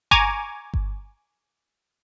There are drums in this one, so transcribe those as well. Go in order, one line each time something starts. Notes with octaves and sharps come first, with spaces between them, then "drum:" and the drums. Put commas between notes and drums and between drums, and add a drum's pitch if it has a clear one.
G#5 A#5 C#6 D6 G#6, drum: kick G1
drum: kick G1